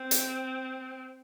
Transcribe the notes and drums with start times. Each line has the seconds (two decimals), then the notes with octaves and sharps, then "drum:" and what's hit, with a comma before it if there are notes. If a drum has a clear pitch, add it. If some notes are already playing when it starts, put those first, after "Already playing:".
Already playing: C4
0.11 drum: hi-hat